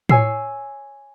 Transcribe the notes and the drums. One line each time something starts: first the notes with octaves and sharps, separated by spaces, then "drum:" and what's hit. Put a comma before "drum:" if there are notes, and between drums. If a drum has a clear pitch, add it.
C#5 G#5 E6 C7, drum: tom A2